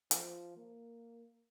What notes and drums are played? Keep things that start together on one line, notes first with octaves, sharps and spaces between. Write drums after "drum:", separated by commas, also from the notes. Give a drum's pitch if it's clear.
F3, drum: hi-hat
A#3